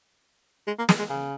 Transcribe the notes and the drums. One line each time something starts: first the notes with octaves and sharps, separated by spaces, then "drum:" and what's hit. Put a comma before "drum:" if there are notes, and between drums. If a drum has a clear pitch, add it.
G#3
A#3
G#3, drum: snare
G#3
C#3